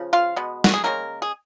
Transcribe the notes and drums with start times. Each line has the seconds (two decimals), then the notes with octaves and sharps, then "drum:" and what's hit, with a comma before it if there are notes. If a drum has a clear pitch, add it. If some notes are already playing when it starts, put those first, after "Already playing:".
Already playing: C#3 F3
0.13 F4 F5
0.36 B2 G#3 B3
0.64 F#4, drum: snare
0.74 G#4
0.84 C#3 F3 G#3 A#3 C#4 A#4
1.22 G#4